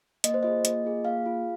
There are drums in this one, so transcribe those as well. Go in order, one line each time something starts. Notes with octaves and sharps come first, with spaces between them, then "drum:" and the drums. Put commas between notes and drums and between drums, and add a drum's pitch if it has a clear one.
A#3 D#5, drum: hi-hat
C5
F4 G#4 D#5
A#3, drum: hi-hat
F4 G#4
A#3 F5
F4 G#4